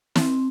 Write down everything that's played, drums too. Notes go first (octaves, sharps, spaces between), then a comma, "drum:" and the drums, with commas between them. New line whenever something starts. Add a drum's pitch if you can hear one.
C4, drum: snare